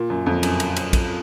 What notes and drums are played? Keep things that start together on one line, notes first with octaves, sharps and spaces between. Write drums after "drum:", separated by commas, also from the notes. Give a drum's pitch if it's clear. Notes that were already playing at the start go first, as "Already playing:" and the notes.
Already playing: A#2
F#2
F2
F#2, drum: cymbal
drum: cymbal
drum: cymbal
drum: kick, cymbal